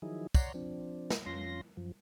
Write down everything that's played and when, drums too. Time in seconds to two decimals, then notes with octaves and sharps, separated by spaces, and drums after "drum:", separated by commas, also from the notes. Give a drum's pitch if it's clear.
0.02 D#3 F3 F#3 D#4 E4 G#4
0.34 C#5 D5 F#5 A#5 C6, drum: kick, tambourine
0.54 F3 C4 D4
1.10 drum: snare
1.26 F2 C#4 F4 C6 A#6
1.77 F#2 F3